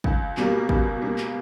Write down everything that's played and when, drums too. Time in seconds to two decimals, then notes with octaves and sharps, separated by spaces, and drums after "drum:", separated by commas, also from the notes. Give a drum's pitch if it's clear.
0.04 C#2, drum: kick
0.37 B2 G3 A#3, drum: clap
0.69 C#2, drum: kick
1.02 B2 G3 A#3
1.18 drum: clap